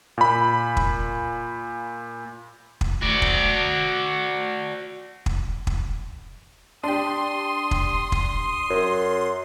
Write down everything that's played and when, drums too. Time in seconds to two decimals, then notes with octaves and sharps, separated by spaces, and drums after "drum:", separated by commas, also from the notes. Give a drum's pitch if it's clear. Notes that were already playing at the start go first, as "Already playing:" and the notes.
0.18 A#2 B5
0.77 drum: kick
2.81 drum: kick
3.01 F#4 D5
3.22 drum: kick
5.26 drum: kick
5.67 drum: kick
6.83 D4 G4 C6 D#6
7.71 drum: kick
8.12 drum: kick
8.70 F#2